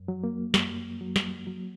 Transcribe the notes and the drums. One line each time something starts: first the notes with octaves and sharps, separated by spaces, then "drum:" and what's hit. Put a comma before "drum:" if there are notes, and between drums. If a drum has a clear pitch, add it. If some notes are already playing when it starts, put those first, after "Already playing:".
Already playing: F#2
F#3
A#3
F#2, drum: snare
F#3
drum: snare
F#3